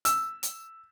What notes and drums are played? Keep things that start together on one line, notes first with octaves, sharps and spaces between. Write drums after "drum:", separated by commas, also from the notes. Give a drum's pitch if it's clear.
E6, drum: hi-hat
drum: hi-hat